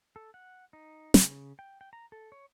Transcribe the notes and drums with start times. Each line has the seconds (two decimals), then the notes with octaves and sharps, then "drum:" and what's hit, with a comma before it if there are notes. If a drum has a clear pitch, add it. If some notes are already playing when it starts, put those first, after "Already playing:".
0.16 A4
0.34 F#5
0.73 D#4
1.14 C#3, drum: snare
1.59 G5
1.81 G5
1.93 A#5
2.12 A4
2.32 C#5